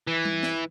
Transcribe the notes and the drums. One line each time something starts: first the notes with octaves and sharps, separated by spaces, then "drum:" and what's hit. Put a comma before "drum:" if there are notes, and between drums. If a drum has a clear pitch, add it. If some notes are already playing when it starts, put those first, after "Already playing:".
E3
drum: tom G3
drum: snare